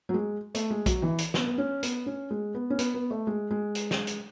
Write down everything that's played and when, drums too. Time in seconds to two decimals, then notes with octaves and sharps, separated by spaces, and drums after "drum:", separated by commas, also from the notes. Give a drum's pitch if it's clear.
0.09 F#3
0.14 G#3
0.55 A3, drum: hi-hat
0.70 G#3
0.86 F#3, drum: kick B1, hi-hat
1.02 E3
1.18 drum: hi-hat
1.34 B3, drum: snare
1.47 B3
1.58 C#4
1.83 B3, drum: hi-hat
2.06 C#4
2.31 G#3
2.55 B3
2.70 C#4
2.79 B3, drum: hi-hat
2.94 B3
3.11 A3
3.27 G#3
3.51 G#3
3.75 drum: hi-hat
3.91 drum: snare
4.07 drum: hi-hat